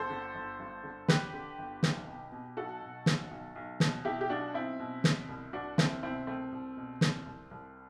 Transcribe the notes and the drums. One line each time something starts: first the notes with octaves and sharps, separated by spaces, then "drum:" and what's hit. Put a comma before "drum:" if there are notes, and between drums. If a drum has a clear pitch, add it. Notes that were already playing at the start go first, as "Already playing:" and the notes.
Already playing: G1 A4 C5
D3
G1
G2
D3
D3 G4 B4, drum: snare
D3
G1
B1, drum: snare
B2
B2
B1 F#4 A4
B2
B1, drum: snare
B1
B1
B2, drum: snare
B2 E4 G4
G4
B1 D4 F#4
B1 C4 E4
B2
B2, drum: snare
C2
C2 D4 F#4
C2 C4 E4, drum: snare
B2 C4 E4
C2 A3 C4
C2
B2
C2, drum: snare
C2
C2